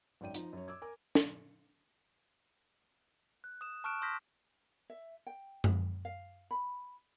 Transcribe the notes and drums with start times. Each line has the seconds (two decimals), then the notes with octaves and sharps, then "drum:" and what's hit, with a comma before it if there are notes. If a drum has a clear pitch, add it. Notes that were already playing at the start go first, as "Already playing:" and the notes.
0.21 G#1 F#2 D5 G5 D#7
0.34 F3 D#4, drum: hi-hat
0.53 F#2 C#5
0.68 D6 E6 G#6
0.82 A#4 G#5 D6
1.15 drum: snare
3.44 F#6
3.61 D#6 E7
3.84 A5 C#6 F6 F#6 D7 E7
4.02 C6 D#6 F6 G6 A#6 B6
4.90 E5
5.27 G5
5.64 drum: tom F#2
6.05 F5
6.51 B5